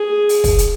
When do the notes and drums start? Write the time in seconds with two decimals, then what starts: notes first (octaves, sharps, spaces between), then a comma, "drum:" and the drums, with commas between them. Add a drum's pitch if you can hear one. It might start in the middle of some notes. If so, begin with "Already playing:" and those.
Already playing: G#4
0.29 drum: open hi-hat
0.44 drum: kick, open hi-hat
0.59 drum: hi-hat